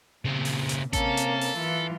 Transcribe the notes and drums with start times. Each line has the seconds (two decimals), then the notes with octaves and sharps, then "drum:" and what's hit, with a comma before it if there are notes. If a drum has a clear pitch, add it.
0.25 A#2 C#3 C4
0.45 drum: open hi-hat
0.69 drum: hi-hat
0.93 C3 A#3 C#4 A4, drum: kick A1, hi-hat
1.17 drum: hi-hat
1.41 drum: open hi-hat
1.57 E3 F4